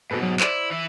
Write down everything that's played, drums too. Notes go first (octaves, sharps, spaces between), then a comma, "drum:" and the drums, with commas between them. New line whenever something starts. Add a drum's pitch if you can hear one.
G#2 B2 F#4 A4 B4
F#3
E4 C5 D5, drum: clap
E3 E4